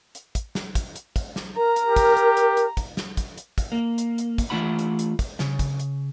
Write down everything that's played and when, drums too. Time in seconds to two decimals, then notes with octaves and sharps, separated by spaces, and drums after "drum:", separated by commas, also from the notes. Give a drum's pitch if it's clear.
0.15 drum: hi-hat
0.35 drum: kick, hi-hat
0.55 drum: snare
0.75 drum: kick, hi-hat
0.96 drum: hi-hat
1.16 drum: kick, hi-hat
1.36 drum: snare
1.56 A#4 A#5
1.76 drum: hi-hat
1.86 G4
1.96 drum: kick, hi-hat
2.17 drum: hi-hat
2.37 drum: hi-hat
2.57 drum: hi-hat
2.77 drum: kick, hi-hat
2.97 drum: snare
3.17 drum: kick, hi-hat
3.38 drum: hi-hat
3.58 drum: kick, hi-hat
3.72 A#3
3.98 drum: hi-hat
4.18 drum: hi-hat
4.38 drum: kick, hi-hat
4.50 E3 A3 F4 F#5 B5
4.79 drum: hi-hat
4.99 drum: hi-hat
5.19 drum: kick, hi-hat
5.39 C#3, drum: snare
5.59 drum: kick, hi-hat
5.79 drum: hi-hat